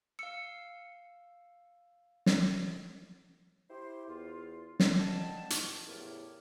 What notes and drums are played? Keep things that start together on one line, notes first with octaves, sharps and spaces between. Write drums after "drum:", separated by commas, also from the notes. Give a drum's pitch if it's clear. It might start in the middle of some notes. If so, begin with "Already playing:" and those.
F5 E6 C#7
drum: snare
E4 G4 C5
E2 F4
drum: snare
D5 D#5 F#5 G5 A5
drum: hi-hat
E2 A2 C#3 G4 A#4 C#5